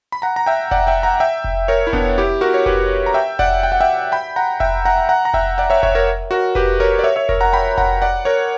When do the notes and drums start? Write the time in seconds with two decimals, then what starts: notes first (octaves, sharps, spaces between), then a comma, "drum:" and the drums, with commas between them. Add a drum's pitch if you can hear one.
0.12 B5
0.22 F#5 A#5
0.36 A#5
0.46 E5 G5
0.71 D5 F#5, drum: kick F1
0.87 E5 G5
1.03 F#5 A#5
1.20 E5 G5
1.44 drum: kick F1
1.68 A#4 C#5
1.87 E4
1.93 B3 D4, drum: kick F1
2.18 E4 G4
2.41 F#4 A#4
2.54 C#5
2.66 G4 B4, drum: kick F1
3.06 A#5
3.14 E5 G5
3.39 D5 F#5, drum: kick F1
3.63 G5
3.72 F#5
3.81 E5 G5
4.12 G5 B5
4.36 F#5 A#5
4.60 E5 G5, drum: kick F1
4.85 F#5 A#5
5.09 F#5 A#5
5.25 A#5
5.34 E5 G5, drum: kick F1
5.58 D5 F#5
5.70 C#5 E5
5.83 C#5 E5, drum: kick F1
5.95 A#4 C#5
6.31 F#4 A#4
6.55 G4 B4, drum: kick F1
6.80 A#4 C#5
6.99 D5
7.04 C#5 E5
7.16 C#5 E5
7.29 A#4 C#5, drum: kick F1
7.41 F#5 A#5
7.53 G5 B5
7.78 F#5 A#5, drum: kick F1
8.02 D5 F#5
8.25 A#4 C#5